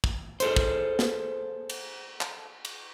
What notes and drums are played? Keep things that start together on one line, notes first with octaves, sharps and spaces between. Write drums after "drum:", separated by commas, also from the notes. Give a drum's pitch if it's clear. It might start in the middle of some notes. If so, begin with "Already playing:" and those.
drum: kick
G#4 A4 C5, drum: hi-hat
drum: kick
drum: snare
drum: cymbal
drum: clap
drum: cymbal